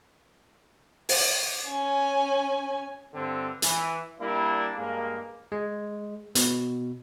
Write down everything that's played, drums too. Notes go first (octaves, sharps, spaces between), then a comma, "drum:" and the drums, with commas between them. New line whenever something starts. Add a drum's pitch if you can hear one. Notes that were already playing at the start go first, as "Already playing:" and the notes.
drum: open hi-hat
C#4 G#5
G2 D3 C4
E3, drum: hi-hat
G3 A#3 D4 E4
G2 G#3 A#3
G#3
B2, drum: hi-hat